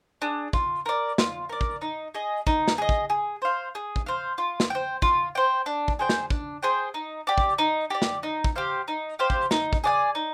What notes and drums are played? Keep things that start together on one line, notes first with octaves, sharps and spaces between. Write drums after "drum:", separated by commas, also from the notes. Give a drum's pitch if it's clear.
D4 G#4
F4, drum: kick
A#4 D5
F4, drum: snare
A#4 D5
drum: kick
D#4
G#4 D#5
D#4, drum: kick
drum: snare
G#4 D#5
drum: kick
G#4
C5 F5
G#4
drum: kick
C5 F5
F4
drum: snare
C5 G5
F4, drum: kick
C5 G5
D4
drum: kick
G#4 C5 G5
drum: snare
D4, drum: kick
G#4 C5 G5
D#4
G4 D5
drum: kick
D#4
G4 D5
drum: snare
D#4
drum: kick
G4 C5 F5
D#4
G4 C5 F5
drum: kick
D#4, drum: snare
drum: kick
G#4 D5 G#5
D#4